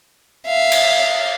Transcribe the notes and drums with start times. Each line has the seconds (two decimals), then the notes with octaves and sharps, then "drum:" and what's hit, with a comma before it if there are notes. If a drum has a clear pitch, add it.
0.47 E5 F5
0.72 drum: cymbal